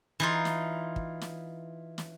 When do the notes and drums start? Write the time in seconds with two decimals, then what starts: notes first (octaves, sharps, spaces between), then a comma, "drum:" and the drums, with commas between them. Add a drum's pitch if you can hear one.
0.20 E3 D#4 F4
0.45 drum: snare
0.96 drum: kick
1.21 drum: snare
1.98 drum: snare